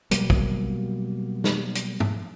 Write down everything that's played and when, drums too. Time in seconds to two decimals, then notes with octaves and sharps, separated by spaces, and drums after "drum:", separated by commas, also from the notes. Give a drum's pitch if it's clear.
0.11 B2 F#3 G3 A#3, drum: hi-hat
0.30 drum: kick
1.44 drum: snare
1.75 drum: hi-hat
2.00 drum: tom